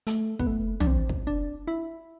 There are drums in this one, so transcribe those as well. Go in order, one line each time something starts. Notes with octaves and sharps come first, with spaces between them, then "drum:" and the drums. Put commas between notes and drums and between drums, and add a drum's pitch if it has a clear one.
A3, drum: hi-hat
B3, drum: kick
A3
D4, drum: tom
C4
drum: kick
D4
E4